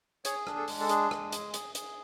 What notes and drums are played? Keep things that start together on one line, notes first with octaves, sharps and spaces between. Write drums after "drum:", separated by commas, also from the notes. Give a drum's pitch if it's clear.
G#4 C#5, drum: hi-hat
D4, drum: rim click
A4
G#3, drum: open hi-hat
A4
D4 G#4, drum: hi-hat
G#3, drum: rim click
G#4, drum: hi-hat
G#4, drum: hi-hat
G#4, drum: hi-hat